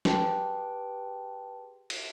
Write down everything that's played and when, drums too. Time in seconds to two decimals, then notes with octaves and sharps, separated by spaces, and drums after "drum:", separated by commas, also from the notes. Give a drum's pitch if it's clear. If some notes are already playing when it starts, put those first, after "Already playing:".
0.05 G4 G#4 B4 G5 A5 C6, drum: snare
1.90 drum: cymbal